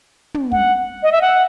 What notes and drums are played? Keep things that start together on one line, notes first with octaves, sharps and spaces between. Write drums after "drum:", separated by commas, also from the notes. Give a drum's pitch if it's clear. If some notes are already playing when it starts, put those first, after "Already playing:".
drum: tom
F#5, drum: kick
D#5
E5
F#5